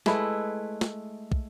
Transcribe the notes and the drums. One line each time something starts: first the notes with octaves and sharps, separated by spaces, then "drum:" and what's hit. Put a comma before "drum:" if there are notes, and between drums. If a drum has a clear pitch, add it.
G#3 A3 E4 B4, drum: snare
drum: snare
drum: kick